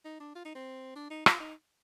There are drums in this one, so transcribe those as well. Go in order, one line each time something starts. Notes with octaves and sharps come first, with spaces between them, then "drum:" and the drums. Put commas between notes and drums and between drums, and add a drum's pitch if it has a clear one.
D#4
D4
F4
D#4
C4
D4
D#4
F4, drum: rim click
D#4